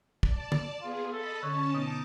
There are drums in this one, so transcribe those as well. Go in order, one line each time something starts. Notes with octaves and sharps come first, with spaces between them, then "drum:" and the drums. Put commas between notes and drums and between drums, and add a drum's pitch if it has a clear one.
D5 A5, drum: kick
drum: tom
B3 F4 G#4
A4 D#5 A5 B5
D3 C#4 C#5 A5
B2 B3 D#4 A5 D6